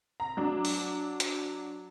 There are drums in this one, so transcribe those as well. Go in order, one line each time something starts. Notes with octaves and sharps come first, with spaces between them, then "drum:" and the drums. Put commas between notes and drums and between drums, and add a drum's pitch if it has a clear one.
A#5
F#3 D4
drum: open hi-hat
drum: hi-hat